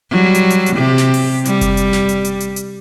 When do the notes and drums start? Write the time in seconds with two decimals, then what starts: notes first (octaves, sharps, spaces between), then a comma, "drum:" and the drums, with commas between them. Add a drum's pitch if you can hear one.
0.11 F#3 G3
0.35 drum: hi-hat
0.50 drum: hi-hat
0.66 drum: hi-hat
0.76 C3 G4
0.98 drum: snare
1.14 drum: open hi-hat
1.45 G3, drum: hi-hat
1.61 drum: kick F#1, hi-hat
1.77 drum: hi-hat
1.93 drum: snare
2.09 drum: hi-hat
2.25 drum: hi-hat
2.40 drum: hi-hat
2.56 drum: hi-hat